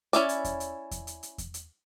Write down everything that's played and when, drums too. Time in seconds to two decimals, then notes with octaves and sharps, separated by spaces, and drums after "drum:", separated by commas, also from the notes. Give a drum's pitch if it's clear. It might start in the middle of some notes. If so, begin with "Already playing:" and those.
0.13 C#4 E4 D5, drum: hi-hat
0.29 drum: hi-hat
0.44 drum: kick E2, hi-hat
0.60 drum: hi-hat
0.91 drum: kick E2, hi-hat
1.07 drum: hi-hat
1.23 drum: hi-hat
1.38 drum: kick E2, hi-hat
1.54 drum: hi-hat